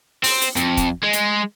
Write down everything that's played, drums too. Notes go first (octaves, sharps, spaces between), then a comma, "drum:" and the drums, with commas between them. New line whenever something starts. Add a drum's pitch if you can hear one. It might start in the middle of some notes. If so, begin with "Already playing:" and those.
C4, drum: open hi-hat
drum: hi-hat
F2, drum: hi-hat
drum: kick, hi-hat
G#3
drum: hi-hat